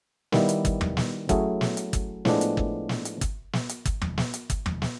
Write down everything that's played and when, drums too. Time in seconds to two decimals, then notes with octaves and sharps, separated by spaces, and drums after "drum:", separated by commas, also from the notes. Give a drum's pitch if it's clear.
0.32 D#3 G3 B3 E4, drum: snare
0.49 drum: hi-hat
0.65 drum: kick, hi-hat
0.81 drum: tom
0.97 drum: snare
1.29 F#3 A3 C#4 E4 G#4, drum: kick, hi-hat
1.61 drum: snare
1.77 drum: hi-hat
1.93 drum: kick, hi-hat
2.25 A2 F3 G#3 B3 D4, drum: snare
2.41 drum: hi-hat
2.57 drum: kick
2.89 drum: snare
3.05 drum: hi-hat
3.21 drum: kick, hi-hat
3.53 drum: snare
3.69 drum: hi-hat
3.85 drum: kick, hi-hat
4.01 drum: tom
4.18 drum: snare
4.34 drum: hi-hat
4.50 drum: kick, hi-hat
4.66 drum: tom
4.82 drum: snare